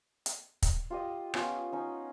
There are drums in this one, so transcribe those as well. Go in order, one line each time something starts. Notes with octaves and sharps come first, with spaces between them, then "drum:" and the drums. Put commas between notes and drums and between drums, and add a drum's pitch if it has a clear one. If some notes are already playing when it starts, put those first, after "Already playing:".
drum: hi-hat
drum: kick, hi-hat
F4 G4 D#5
B3 C#4 F4, drum: rim click
C#4 D#4